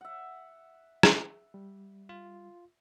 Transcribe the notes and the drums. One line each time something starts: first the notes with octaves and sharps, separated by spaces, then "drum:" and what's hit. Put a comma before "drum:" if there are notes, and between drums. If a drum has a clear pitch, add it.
E5 F#5
drum: rim click
G3
F4